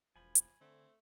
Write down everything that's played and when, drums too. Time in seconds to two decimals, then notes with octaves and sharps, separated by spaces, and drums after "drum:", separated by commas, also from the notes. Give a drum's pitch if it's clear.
0.16 E1 F3 G#5 B5
0.35 drum: hi-hat
0.61 D3 A3 C4